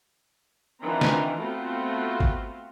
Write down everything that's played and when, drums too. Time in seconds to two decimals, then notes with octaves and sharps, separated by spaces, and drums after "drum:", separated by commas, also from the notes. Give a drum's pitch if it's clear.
0.83 D#3 E3 C4 D4 F4 A#5
1.01 drum: snare
1.41 A3 B3 C4 F4 F#4
2.20 drum: kick